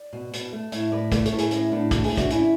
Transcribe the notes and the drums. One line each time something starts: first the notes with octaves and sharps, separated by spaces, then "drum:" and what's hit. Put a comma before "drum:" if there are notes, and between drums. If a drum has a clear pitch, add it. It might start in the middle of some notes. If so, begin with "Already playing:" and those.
Already playing: D5
B2
B2, drum: hi-hat
A3
A2 C#5 E5, drum: hi-hat
A2 B4 D5
A3 B4 D5, drum: kick, hi-hat
A4 C#5, drum: hi-hat
A2
G#4 B4, drum: hi-hat
A2 C#4 E4, drum: hi-hat
A2 B3 D4
A3 D4 F#4, drum: kick, hi-hat
E4 G#4, drum: open hi-hat
A2
D4 F#4, drum: kick, hi-hat
D3 C#4 E4, drum: hi-hat